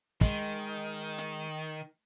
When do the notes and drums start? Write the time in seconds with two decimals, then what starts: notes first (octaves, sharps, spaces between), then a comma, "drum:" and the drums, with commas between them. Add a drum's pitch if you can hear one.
0.21 D#3 G#3, drum: kick
1.18 drum: hi-hat